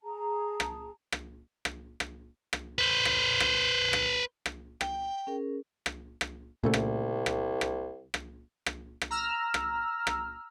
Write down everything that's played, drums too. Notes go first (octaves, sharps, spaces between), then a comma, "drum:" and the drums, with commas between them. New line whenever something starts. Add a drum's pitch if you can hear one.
G#4 A5 A#5
drum: rim click
drum: rim click
drum: rim click
drum: rim click
drum: rim click
B4 C5
drum: rim click
drum: rim click
drum: rim click
drum: rim click
G5, drum: rim click
C#4 G#4 A#4
drum: rim click
drum: rim click
C2 A#2 C#3 A3
drum: rim click
drum: rim click
drum: rim click
drum: rim click
drum: rim click
drum: rim click
A#5 E6 F6
drum: rim click
drum: rim click